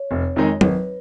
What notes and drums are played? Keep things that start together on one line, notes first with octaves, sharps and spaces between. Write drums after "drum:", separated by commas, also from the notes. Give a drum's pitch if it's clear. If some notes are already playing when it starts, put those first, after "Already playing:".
Already playing: C#5
F1
F2 D#3 G#3 D#4
G#1 B4, drum: tom F#3